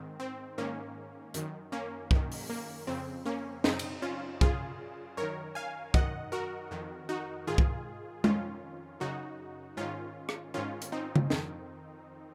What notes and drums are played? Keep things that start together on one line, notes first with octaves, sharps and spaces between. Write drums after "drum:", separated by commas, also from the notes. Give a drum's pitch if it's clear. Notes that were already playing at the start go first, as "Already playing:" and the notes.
Already playing: G#2 D#3 C4
C4
G#2 D#3 A#3 C#4
F#2 D#3, drum: hi-hat
A#3 C#4
F#2 D#3, drum: kick C2
drum: open hi-hat
A#3
F2 C#3 C4
A#3 C#4
F#2 C#3 C4 D#4, drum: snare
drum: cymbal
C#4 F4
F#2 C#3 F4 G#4, drum: kick C2
F#2 D#3 A#4 C#5
F5 G#5
F#2 D#3 D#5 F#5, drum: kick C2
F#4 A#4
F2 D#3
D#4 F#4
G#2 D#3 F4 G#4
drum: kick C2
F2 D#3 C#4 F4, drum: tom G#3
F#2 C#3 D#4 F#4
G#2 D#3 C#4 F4
drum: rim click
G#2 D#3 C#4 F4
drum: hi-hat
C4 D#4
drum: tom C#3
F2 D#3, drum: snare